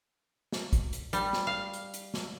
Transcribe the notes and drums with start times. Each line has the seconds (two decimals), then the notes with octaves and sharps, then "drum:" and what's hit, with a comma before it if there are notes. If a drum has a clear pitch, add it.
0.52 drum: snare
0.73 drum: kick, hi-hat
0.93 drum: hi-hat
1.13 G3, drum: hi-hat
1.33 drum: snare
1.47 F5
1.73 drum: hi-hat
1.94 drum: hi-hat
2.14 drum: snare